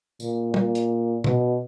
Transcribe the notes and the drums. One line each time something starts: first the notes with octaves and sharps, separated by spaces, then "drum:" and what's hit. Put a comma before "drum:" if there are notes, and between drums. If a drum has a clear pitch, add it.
A#2, drum: tambourine
A#2, drum: tom
drum: hi-hat
B2, drum: tom B2